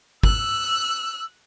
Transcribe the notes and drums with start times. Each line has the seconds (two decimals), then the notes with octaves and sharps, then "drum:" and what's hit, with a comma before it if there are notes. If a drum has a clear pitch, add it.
0.23 E6 F#6, drum: kick